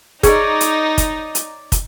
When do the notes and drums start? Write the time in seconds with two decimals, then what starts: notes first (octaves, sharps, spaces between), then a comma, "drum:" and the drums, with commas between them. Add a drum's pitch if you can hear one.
0.23 D#4 G#4 C#5 D5, drum: kick, hi-hat
0.61 drum: hi-hat
0.98 drum: kick, hi-hat
1.35 drum: hi-hat
1.72 drum: kick, hi-hat